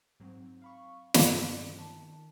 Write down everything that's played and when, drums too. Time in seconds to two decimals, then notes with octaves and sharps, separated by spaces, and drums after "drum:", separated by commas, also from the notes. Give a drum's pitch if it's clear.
0.20 G#2 F#3 C4
0.62 F5 B5 C#6
1.14 G2 B2 D3 A#3 C#4, drum: snare
1.75 D#3 A5